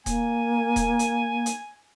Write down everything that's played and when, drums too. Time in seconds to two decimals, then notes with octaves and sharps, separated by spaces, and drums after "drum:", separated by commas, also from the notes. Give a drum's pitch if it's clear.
0.06 A#3 G#5, drum: kick D#1, hi-hat
0.76 drum: kick D#1, hi-hat
0.99 drum: hi-hat
1.46 drum: hi-hat